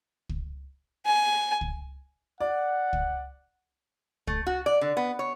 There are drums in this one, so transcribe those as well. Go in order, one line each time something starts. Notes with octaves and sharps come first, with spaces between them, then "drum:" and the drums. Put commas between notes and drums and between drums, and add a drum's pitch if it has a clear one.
drum: kick
G#5
drum: kick
D5 F#5
drum: kick
A3, drum: kick
F#4
D5
D3
B3
C#5